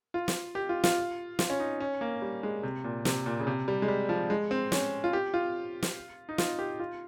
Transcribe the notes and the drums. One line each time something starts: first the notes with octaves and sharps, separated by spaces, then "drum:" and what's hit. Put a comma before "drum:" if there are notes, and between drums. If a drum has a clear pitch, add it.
F4
drum: snare
G4
F4
F4, drum: snare
F4, drum: snare
C#4
D#4
C#4
A#3
G3
G#3
C3
A#2
C3, drum: snare
A#2
C#3
C3
G3
G#3
G3
F3
G#3
C4
C#4, drum: snare
F4
G4
F4
drum: snare
D#4
F4, drum: snare
G4
F4